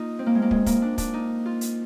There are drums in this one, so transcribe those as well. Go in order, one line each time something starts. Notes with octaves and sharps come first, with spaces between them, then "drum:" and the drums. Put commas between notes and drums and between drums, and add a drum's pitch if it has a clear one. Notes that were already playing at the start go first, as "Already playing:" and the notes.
Already playing: A#3 D#4 F4
C4
A#3
G#3
A#3
G#3, drum: kick
A#3, drum: kick, hi-hat
D4
D4, drum: kick, hi-hat
D#4
F4
drum: hi-hat